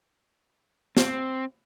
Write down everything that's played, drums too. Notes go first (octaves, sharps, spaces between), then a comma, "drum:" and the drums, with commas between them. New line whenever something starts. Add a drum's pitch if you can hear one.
C4, drum: snare